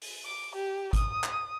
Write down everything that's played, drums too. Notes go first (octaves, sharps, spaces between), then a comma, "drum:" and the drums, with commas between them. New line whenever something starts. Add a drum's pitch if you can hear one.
drum: open hi-hat
D6
G4
D#6, drum: kick, hi-hat
drum: clap